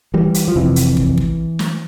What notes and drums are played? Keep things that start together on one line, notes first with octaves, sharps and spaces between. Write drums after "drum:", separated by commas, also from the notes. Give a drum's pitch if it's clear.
E3 G3
drum: hi-hat
F3
F1 F2 C3 E3
drum: hi-hat
drum: kick
drum: kick
drum: snare